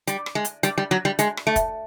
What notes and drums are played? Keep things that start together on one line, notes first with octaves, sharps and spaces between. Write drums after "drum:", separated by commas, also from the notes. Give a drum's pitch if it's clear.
G3, drum: hi-hat
drum: rim click
G#3
drum: hi-hat
G3, drum: hi-hat
G3
F#3
G3
G#3, drum: hi-hat
drum: rim click
A3
drum: kick, hi-hat